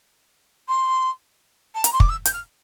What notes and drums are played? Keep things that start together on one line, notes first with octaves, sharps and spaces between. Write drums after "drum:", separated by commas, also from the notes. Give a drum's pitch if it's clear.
C6
A5
A#5, drum: hi-hat
C6
D6, drum: kick
E6
G6, drum: hi-hat
F6